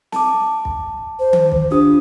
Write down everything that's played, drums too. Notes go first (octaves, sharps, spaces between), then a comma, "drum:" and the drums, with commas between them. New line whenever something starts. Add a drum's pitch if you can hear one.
A5 D6, drum: snare
drum: kick
C5
drum: tom D#3
drum: kick
D4 F4 G4 D#6